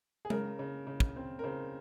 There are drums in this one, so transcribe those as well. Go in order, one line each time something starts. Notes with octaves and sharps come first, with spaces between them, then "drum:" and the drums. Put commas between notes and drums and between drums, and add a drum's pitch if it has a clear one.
G#4
C#3 A#4, drum: tom G#3
C#3
C#3
drum: kick
C4
A#4
C#3 C5